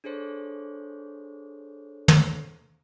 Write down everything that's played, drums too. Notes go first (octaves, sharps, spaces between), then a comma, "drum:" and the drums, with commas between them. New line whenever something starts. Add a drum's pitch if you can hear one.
D4 G#4 A4 C5 C#5
drum: tom